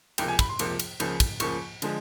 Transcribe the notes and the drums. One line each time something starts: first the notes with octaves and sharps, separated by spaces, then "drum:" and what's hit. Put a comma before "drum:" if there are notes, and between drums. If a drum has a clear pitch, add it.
C#2 C3 F3 A#3 G5, drum: cymbal
G#5
B5, drum: kick, cymbal
C6
C#2 C3 F3 A#3, drum: cymbal
drum: cymbal
C#2 C#3 F3 A#3, drum: cymbal
drum: kick, cymbal
C#2 C#3 F3 A#3 C#6, drum: cymbal
D3 F3 G#3, drum: cymbal